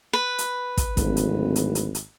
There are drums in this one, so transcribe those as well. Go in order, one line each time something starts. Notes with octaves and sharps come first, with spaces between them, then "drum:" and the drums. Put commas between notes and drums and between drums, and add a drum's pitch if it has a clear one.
B4
drum: hi-hat
drum: kick, hi-hat
D1 G#1, drum: kick, hi-hat
drum: hi-hat
drum: hi-hat
drum: hi-hat
drum: hi-hat